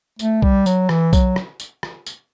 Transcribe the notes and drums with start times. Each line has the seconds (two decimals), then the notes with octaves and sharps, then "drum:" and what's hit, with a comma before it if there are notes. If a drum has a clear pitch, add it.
0.19 A3, drum: tambourine
0.42 G3, drum: kick B1
0.66 F#3, drum: tambourine
0.89 E3, drum: rim click
1.13 F#3, drum: kick B1, tambourine
1.36 drum: rim click
1.60 drum: tambourine
1.83 drum: rim click
2.06 drum: tambourine